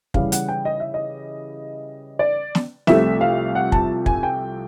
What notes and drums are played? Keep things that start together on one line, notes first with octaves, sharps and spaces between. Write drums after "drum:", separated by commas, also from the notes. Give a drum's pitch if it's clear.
C#3 E3 G3 F5, drum: kick
F#5, drum: hi-hat
G5
D#5
E5
D#5
D5
drum: snare
C2 C3 F3 A3 E5, drum: snare
F5
F#5
A5, drum: kick
G#5, drum: kick
G5